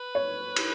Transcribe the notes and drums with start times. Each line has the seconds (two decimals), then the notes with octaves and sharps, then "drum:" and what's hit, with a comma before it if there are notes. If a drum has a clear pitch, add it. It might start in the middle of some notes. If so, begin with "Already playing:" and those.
Already playing: B4
0.15 C#5
0.56 drum: cymbal